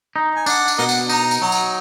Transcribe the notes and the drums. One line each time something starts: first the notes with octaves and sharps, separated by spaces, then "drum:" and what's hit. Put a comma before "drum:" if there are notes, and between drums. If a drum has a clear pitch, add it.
D#4
G#5
D4 F#5, drum: tambourine
drum: tambourine
B2 A#4 D#5 F#5
drum: tambourine
D#4 A#5, drum: tambourine
drum: tambourine
F#3 A#5
drum: tambourine